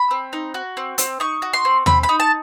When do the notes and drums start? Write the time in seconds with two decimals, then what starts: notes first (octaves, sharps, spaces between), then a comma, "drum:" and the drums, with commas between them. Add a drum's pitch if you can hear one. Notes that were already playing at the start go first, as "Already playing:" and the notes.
Already playing: B5
0.11 C4
0.33 D#4
0.54 F#4
0.77 C4
0.98 C4, drum: hi-hat
1.20 D#4 C#6
1.42 F#4
1.53 C6
1.65 C4
1.86 C4 B5, drum: tom D#2
2.03 B5
2.09 D#4
2.20 A5